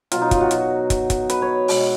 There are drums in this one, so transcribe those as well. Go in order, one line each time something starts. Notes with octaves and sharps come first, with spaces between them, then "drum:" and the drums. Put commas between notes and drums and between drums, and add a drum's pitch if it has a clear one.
B2 F#3 F4, drum: hi-hat
D#4
F4, drum: kick, hi-hat
F#4
drum: hi-hat
drum: kick, hi-hat
drum: kick, hi-hat
B4, drum: hi-hat
C#5
B2 G#3, drum: open hi-hat